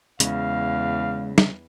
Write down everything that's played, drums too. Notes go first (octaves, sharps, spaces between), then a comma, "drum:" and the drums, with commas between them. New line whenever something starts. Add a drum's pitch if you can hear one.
E2 C#3 G#3 F5, drum: hi-hat
drum: snare